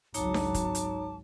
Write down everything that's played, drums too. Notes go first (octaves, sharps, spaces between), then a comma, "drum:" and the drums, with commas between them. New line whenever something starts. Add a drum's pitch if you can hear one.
G#1 C#2 F#3 D#4 C#5 A5 A#5 D6, drum: hi-hat
drum: snare D4
drum: kick, hi-hat
drum: hi-hat